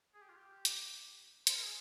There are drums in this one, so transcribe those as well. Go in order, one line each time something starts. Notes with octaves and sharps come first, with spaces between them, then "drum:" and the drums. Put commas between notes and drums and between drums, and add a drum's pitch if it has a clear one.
G#4
G4
F4
G4
drum: hi-hat
C5, drum: hi-hat
A#4
G#4